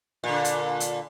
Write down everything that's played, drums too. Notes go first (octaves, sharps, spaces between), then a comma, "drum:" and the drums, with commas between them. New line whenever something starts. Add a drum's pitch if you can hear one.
A#2 D3
drum: hi-hat
drum: hi-hat